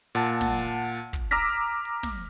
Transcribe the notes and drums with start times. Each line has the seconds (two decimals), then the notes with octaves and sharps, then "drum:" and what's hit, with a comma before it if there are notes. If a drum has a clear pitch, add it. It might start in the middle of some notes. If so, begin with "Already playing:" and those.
0.15 A#2 F#5 A5
0.41 drum: snare
0.59 drum: open hi-hat
0.95 drum: hi-hat
1.13 drum: kick, hi-hat
1.31 A#5 D6 E6 F6 A#6 B6, drum: hi-hat
1.49 drum: hi-hat
1.85 drum: hi-hat
2.03 drum: snare